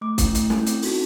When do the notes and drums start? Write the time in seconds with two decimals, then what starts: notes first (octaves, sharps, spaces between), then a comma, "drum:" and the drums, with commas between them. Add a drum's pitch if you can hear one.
0.01 A3 D6
0.18 C#4 E4, drum: kick, hi-hat
0.35 A3, drum: hi-hat
0.50 C#4 E4, drum: snare
0.66 C4, drum: hi-hat
0.82 D#4 F#4 A4, drum: open hi-hat